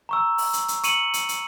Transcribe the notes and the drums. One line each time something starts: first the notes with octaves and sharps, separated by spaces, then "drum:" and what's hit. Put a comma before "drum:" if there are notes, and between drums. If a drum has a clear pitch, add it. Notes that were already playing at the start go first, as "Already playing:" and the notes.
A#5 C#6 E6
drum: open hi-hat
drum: hi-hat
drum: hi-hat
C#6 C#7 D#7 F7 F#7, drum: hi-hat
drum: hi-hat
drum: hi-hat